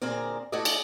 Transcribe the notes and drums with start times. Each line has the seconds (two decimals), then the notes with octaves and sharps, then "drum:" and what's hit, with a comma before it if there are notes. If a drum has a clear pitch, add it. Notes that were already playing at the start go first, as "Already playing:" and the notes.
0.02 D2 A#2 C4 G#4 A#4 D5
0.52 A3 E4 F#4 A4 D5 D#5
0.65 drum: cymbal